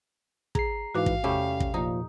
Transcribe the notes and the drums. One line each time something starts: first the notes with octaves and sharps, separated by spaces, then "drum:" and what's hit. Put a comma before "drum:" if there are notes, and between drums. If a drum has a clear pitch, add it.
G#4 A#5 C7, drum: kick
G#2 E3 F#4 F5 D6
drum: kick
E2 C3 G3 A3 C#4 G4
drum: kick
A#2 F3 D#4